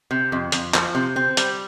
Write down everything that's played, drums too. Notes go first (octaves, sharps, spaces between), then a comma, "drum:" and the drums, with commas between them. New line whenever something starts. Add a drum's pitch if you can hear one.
C3
F2
F2, drum: hi-hat
F3, drum: clap
C3
C4
G3, drum: hi-hat